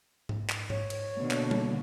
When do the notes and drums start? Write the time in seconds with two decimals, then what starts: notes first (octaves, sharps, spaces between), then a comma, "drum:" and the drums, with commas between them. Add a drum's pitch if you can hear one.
0.29 drum: tom G#2
0.50 drum: clap
0.70 C#5, drum: tom G#2
0.90 drum: cymbal
1.17 B2 D3 A#3
1.31 drum: clap
1.51 drum: tom G3